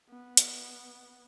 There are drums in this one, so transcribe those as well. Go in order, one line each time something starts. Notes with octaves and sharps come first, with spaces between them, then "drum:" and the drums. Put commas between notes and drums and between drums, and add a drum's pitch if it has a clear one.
B3
drum: hi-hat